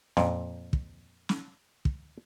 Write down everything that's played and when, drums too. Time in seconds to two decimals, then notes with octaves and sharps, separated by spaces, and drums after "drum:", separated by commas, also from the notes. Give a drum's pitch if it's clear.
0.17 F2 A#2, drum: snare
0.73 drum: kick
1.29 drum: snare
1.85 drum: kick